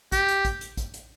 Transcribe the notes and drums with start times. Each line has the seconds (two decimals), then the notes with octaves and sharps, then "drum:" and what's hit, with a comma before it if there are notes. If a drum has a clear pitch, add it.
0.12 G4, drum: kick, hi-hat
0.28 drum: hi-hat
0.45 drum: kick, hi-hat
0.61 drum: hi-hat
0.77 drum: kick, hi-hat
0.94 drum: hi-hat